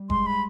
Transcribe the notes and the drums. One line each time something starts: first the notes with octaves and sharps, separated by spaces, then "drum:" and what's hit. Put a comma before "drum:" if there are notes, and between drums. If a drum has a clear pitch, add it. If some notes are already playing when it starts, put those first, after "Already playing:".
Already playing: G3
G#3 C6, drum: kick F1
B5